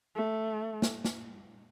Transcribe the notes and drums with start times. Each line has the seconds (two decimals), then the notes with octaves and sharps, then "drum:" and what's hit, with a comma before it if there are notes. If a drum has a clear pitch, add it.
0.15 A3
0.82 drum: snare
1.05 drum: snare